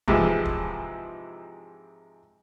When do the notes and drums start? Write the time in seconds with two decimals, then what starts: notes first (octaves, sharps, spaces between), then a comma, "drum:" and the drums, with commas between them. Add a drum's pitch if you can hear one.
0.08 G#2 C3 E3 F3 G#3, drum: kick
0.45 drum: kick